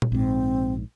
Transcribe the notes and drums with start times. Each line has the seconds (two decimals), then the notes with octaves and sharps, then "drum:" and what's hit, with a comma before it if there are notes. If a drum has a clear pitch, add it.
0.02 drum: tom A#2
0.12 A#1 G#2 C4